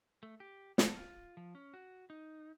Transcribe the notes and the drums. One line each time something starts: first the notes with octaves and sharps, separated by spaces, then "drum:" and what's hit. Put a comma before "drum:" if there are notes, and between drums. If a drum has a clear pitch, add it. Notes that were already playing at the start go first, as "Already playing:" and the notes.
A3
G4
A4, drum: snare
F4
F3
C#4
F#4
D#4